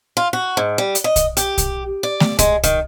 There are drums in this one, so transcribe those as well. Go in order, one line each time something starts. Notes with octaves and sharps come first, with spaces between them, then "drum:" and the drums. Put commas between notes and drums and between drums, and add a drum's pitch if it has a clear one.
F4
F#4
G#2
G3
drum: hi-hat
D#5
drum: kick B1, hi-hat
G4, drum: hi-hat
drum: kick B1, hi-hat
D5
drum: snare A3
G#3, drum: kick B1, hi-hat
D#3, drum: kick B1, hi-hat